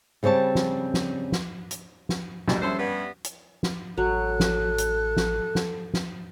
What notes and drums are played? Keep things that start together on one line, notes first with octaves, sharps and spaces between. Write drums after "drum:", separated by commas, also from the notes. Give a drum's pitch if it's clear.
C#3 G3 C4 C#5 A5
drum: snare
drum: snare
drum: snare
drum: hi-hat
drum: snare
F#1 C2 F#2, drum: snare
F#2 G3 C#4 A4 C5 E5
G2 B3
drum: hi-hat
drum: snare
A1 F#3 A4 F#6
drum: snare
drum: hi-hat
drum: snare
drum: snare
drum: snare